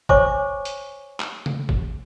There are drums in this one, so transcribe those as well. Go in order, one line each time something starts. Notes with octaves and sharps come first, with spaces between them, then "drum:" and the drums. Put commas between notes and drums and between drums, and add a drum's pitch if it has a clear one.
C5 C#5 G#5 C#6 D6, drum: kick
drum: hi-hat
drum: clap
drum: tom C#3
drum: kick